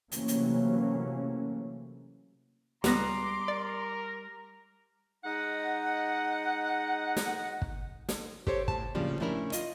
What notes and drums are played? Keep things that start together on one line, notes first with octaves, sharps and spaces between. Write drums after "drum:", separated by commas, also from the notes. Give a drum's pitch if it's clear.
C3 E3 F#3 A3 A#3 C#4, drum: hi-hat
drum: hi-hat
C#2 G3 B3 A#5 C6 D6 A#6, drum: snare
A#4 D5
G#3 D#4 D#5 F#5
drum: snare
drum: kick
drum: snare
G4 A4 C5 C#5, drum: kick
A2 A5, drum: kick
A2 C#3 F3 G3 A#3 D4
A3 C#4 D4 E4 G#4 A#4
F4 D#5, drum: hi-hat